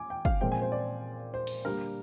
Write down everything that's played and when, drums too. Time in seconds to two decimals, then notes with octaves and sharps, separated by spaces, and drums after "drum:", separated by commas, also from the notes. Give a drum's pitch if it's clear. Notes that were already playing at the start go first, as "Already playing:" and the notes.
Already playing: G#5 D6
0.10 G5
0.25 F5, drum: kick
0.41 A#2 F3 G#3 C4 G5
0.52 G#5
0.62 C5
0.72 D5
1.34 C5
1.47 drum: cymbal
1.65 D3 G3 A#3 A#4